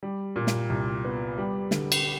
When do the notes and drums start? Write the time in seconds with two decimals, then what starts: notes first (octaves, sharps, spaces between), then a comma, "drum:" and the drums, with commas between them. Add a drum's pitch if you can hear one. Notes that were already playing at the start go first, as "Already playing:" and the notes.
0.03 G3
0.36 A#2
0.47 drum: snare
0.70 C2
1.05 B3
1.38 G3
1.71 D3, drum: snare
1.92 drum: cymbal